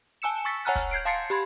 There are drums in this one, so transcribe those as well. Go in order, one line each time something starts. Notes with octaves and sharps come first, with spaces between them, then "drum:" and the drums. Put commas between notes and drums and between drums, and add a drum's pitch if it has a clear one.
G#5 A5 E6 C#7 E7
C#6 E6 A6 B6 C#7
C#5 F#5 G#5 A#5 F6 F#6
drum: kick, hi-hat
G6 G#6 C7 D7
F5 A5 C6 A6 C7 C#7
G4 B5 C6 G#6